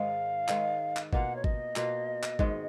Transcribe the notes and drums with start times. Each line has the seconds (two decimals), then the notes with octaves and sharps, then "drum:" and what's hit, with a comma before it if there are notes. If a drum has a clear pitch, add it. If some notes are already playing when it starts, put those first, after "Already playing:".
Already playing: G#2 D#3 G#3 F5
0.49 G#2 D#3 G#3, drum: clap
0.97 drum: clap
1.13 B2 A#3 F4 F#5, drum: kick
1.36 C#5
1.44 D#5, drum: kick
1.76 B2 A#3 F4, drum: clap
2.23 drum: clap
2.39 G#2 D#3 G#3, drum: kick